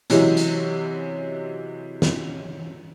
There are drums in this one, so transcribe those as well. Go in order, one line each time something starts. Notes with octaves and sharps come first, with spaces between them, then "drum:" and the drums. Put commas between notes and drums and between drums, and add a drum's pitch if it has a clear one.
C3 E3 F#3 G#3 C#4, drum: hi-hat
drum: hi-hat
drum: snare